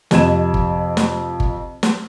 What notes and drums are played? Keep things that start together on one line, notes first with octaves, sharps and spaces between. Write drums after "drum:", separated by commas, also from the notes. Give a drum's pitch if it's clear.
F2 C3 D#5 G#6 E7, drum: snare
drum: kick G1
drum: snare
drum: kick G1
drum: snare